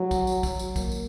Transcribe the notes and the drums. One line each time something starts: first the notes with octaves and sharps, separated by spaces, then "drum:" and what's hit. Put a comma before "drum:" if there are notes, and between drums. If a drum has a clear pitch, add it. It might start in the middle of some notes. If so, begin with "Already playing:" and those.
Already playing: F#3
drum: kick, tambourine
drum: tambourine
drum: kick, tambourine
drum: tambourine
A#3, drum: kick, tambourine
drum: tambourine